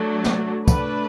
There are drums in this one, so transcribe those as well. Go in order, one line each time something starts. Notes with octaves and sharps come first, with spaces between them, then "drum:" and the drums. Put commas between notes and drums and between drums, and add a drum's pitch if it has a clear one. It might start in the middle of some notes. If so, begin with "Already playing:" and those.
Already playing: F#3 A3 D4 F#4
drum: snare
A3 D4 B4, drum: kick, tambourine